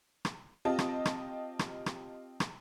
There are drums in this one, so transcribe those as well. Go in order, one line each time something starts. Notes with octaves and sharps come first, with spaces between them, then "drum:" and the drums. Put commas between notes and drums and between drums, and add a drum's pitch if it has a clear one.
drum: rim click
C4 F4 G4 D#5 A5
drum: rim click
drum: rim click
drum: rim click
drum: rim click
drum: rim click